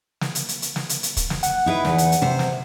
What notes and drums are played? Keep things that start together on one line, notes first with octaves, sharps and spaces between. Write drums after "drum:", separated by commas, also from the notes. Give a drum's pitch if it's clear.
drum: snare
drum: hi-hat
drum: hi-hat
drum: hi-hat
drum: snare
drum: hi-hat
drum: hi-hat
drum: kick, hi-hat
drum: snare
F#5, drum: hi-hat
D#4 E4 B4
E2, drum: snare
drum: hi-hat
drum: hi-hat
C3 C5
drum: snare